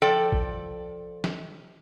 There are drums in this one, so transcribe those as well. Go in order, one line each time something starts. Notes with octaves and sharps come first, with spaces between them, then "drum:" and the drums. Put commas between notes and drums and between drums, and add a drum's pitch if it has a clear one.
F3 A4 D5 G5
drum: kick
drum: snare